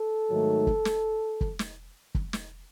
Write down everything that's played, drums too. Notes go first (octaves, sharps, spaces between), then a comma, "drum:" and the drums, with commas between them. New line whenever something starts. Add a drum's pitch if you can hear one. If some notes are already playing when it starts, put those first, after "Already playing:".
Already playing: A4
G#2 D#3 F#3 A3
drum: kick
drum: snare
drum: kick
drum: snare
drum: kick
drum: snare